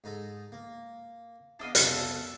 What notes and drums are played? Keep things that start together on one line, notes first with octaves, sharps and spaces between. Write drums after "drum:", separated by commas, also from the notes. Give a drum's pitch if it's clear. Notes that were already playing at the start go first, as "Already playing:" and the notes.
G#2 D#4 A4
A#3
B3 D4 E4 D#5 F5
B1 F2 C3 C#4 A4, drum: hi-hat